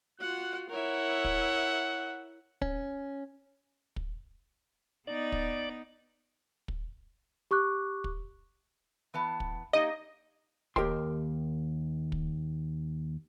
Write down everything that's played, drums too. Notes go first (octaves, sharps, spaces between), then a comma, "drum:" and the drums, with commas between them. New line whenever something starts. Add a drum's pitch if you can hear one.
F4 F#4 F#5 F#6
E4 A#4 C#5 E5 F#5
drum: kick
C#4, drum: kick
drum: kick
B3 D#4 D5
drum: kick
drum: kick
G4 C#6 D6 F#6
drum: kick
E3 B3 A5
drum: kick
A#3 D#4 G4 D#5
D#2 G4 A#4 D#5 G5 C6, drum: kick
drum: kick